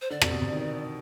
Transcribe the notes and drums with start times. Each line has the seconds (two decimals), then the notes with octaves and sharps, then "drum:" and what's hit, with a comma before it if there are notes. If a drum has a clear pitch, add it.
0.01 C5
0.10 D3 D5
0.21 C3, drum: rim click
0.31 B2
0.42 C3
0.52 D#3